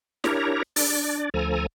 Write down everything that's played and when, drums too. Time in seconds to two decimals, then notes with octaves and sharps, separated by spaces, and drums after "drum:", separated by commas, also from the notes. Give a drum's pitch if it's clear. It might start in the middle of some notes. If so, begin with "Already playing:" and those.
0.24 D4 E4 G4 A#4 C#5 A#5, drum: snare
0.76 D4 D5, drum: open hi-hat
1.34 D2 F3 A4 G#5 A#5